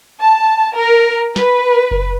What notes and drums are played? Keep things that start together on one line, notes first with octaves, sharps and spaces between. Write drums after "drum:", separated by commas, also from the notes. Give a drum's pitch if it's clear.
A5
A#4
B4, drum: snare
drum: kick F#1